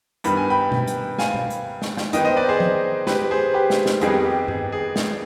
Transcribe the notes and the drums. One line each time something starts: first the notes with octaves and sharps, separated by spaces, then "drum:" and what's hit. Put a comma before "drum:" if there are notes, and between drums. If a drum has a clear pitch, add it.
G2 D#3 B3 B5, drum: hi-hat
G#5
G5 B5
drum: tom B2
drum: hi-hat
F5 G#5, drum: snare
drum: tom B2
drum: hi-hat
drum: snare
drum: snare
D#3 B3 D#4 D#5 G5, drum: hi-hat
C5 D#5
B4 D5
G#4 C5
drum: tom F3
G4 B4, drum: snare
G#4 C5
G4 B4
drum: snare
drum: snare
F2 D#3 G3 B3 G#4, drum: hi-hat
G4
G#4, drum: tom G2
G#4
drum: snare